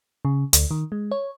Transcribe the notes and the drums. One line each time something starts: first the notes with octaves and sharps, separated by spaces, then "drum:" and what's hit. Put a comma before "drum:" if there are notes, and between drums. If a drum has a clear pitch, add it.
C#3
D2, drum: hi-hat
D#3
G#3
C#5